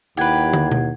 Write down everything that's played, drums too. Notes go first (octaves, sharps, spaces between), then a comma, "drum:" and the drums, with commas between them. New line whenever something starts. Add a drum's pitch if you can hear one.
D#2 E4 G4 B4 F#5 G#6
drum: tom
drum: tom B2